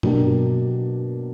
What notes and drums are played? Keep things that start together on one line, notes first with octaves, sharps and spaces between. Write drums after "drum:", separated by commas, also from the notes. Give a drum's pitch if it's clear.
B2 F#3 A#3 D4 G4, drum: tom G2